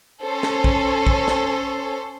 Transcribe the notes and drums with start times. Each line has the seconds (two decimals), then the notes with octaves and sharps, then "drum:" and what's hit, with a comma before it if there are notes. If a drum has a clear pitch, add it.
0.22 C#4 A4 C5
0.43 drum: snare
0.64 drum: kick A#1
1.07 drum: kick A#1
1.28 drum: snare